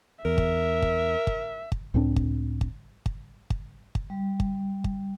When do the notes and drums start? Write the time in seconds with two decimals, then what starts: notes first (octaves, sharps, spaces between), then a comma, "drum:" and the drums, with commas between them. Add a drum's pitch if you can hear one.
0.25 E2 A#4 E5
0.38 drum: kick
0.82 drum: kick
1.27 drum: kick
1.72 drum: kick
1.94 C#2 A2 C4 D4
2.16 drum: kick
2.61 drum: kick
3.06 drum: kick
3.50 drum: kick
3.95 drum: kick
4.10 G3
4.40 drum: kick
4.84 drum: kick